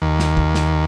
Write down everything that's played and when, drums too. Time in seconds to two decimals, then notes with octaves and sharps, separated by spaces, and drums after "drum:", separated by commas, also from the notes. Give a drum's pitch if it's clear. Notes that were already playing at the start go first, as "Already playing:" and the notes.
0.02 D#2
0.19 drum: snare
0.37 drum: kick
0.55 drum: snare